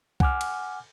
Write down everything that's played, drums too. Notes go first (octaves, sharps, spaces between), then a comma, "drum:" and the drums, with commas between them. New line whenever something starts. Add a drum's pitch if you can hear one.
F#5 G#5 D6 F6, drum: kick C2
drum: cymbal